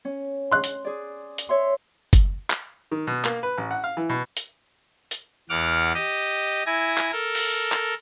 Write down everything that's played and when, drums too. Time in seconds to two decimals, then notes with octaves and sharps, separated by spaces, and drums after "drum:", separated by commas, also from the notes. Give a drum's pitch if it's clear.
0.05 C#4
0.52 C6 F#6
0.64 drum: hi-hat
0.85 G#4 D5
1.38 drum: hi-hat
1.49 C#5 E5 C6
2.13 drum: kick F#1, hi-hat
2.50 drum: clap
2.91 D#3
3.07 B2
3.25 A#3, drum: clap
3.43 B4
3.58 A1
3.71 F#5
3.84 F5
3.97 E3
4.09 B2
4.37 drum: hi-hat
5.11 drum: hi-hat
5.50 E2 F#5 D6 F6
5.95 G4 D#5
6.66 E4 G#5 A#6
6.98 drum: clap
7.12 A4 A#4
7.35 drum: open hi-hat
7.72 drum: clap